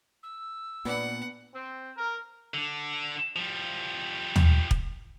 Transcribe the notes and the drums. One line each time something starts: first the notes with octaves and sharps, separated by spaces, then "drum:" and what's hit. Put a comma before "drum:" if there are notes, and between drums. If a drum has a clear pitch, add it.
E6
A#2 B3 D4 F#5
C4
A#4
D3 D4
F3 G3
drum: tom
drum: kick